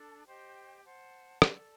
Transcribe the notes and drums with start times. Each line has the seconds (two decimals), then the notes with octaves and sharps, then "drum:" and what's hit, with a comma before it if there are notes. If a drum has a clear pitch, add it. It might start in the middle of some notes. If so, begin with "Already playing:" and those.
Already playing: D4 A4
0.26 G4 C5 D#5 G5
0.84 C5 F#5 A5
1.42 A4 D5 A5, drum: rim click